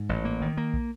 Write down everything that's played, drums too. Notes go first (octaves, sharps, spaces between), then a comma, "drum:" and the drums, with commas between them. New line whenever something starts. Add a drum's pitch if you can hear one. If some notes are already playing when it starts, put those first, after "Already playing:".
Already playing: G#2
A1
A#3
D#3
A#3
drum: kick